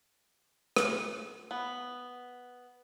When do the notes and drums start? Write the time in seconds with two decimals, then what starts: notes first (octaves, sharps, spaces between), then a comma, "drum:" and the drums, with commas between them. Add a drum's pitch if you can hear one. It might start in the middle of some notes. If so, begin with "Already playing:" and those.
0.76 drum: rim click
1.51 B3